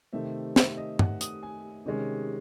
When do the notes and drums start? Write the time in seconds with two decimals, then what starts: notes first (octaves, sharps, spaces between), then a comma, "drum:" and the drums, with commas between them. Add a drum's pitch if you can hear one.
0.13 C3 D#3 A3 C4 E5
0.56 E5, drum: snare
0.77 D#5
0.99 F#5, drum: tom
1.21 D#6, drum: hi-hat
1.43 G#5
1.85 C3 D#3 G#3 C#4